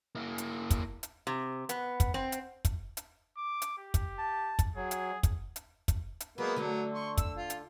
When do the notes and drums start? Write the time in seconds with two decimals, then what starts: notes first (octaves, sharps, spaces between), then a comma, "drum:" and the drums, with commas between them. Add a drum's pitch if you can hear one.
0.15 A#3 E4
0.38 drum: hi-hat
0.70 drum: kick, hi-hat
1.03 drum: hi-hat
1.27 C3
1.69 B3, drum: hi-hat
2.00 drum: kick, hi-hat
2.14 C4
2.32 drum: hi-hat
2.65 drum: kick, hi-hat
2.97 drum: hi-hat
3.37 D6
3.62 drum: hi-hat
3.78 G4
3.94 drum: kick, hi-hat
4.18 A5
4.59 drum: kick, hi-hat
4.76 F#3 G#4
4.91 drum: hi-hat
5.23 drum: kick, hi-hat
5.56 drum: hi-hat
5.88 drum: kick, hi-hat
6.20 drum: hi-hat
6.38 F#3 G#3 A#3 B3
6.56 D3 F#3 A3
6.94 C6 C#6
7.17 E6, drum: kick, hi-hat
7.37 F4
7.50 drum: hi-hat